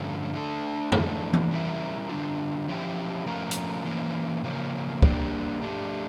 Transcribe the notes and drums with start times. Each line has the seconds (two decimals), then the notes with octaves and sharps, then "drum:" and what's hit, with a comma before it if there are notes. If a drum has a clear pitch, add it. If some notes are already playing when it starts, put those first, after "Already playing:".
Already playing: G2 D3 F3 A3 C#4
0.33 A3 D4 A4
0.92 F2 E3 A3 D4, drum: tom
1.33 drum: tom E3
1.51 G3 C#4 E4 A#4 E5
2.09 D3 G3 D4 F4
2.68 F3 C#4 E4 G4
3.26 F3 A3 C#4 F4 A#4
3.51 drum: hi-hat
3.85 E3 A#3 C#4
4.44 C#3 F3 A#3 C#4
5.02 G3 A#3 D4 G4, drum: kick
5.61 A3 D4 G4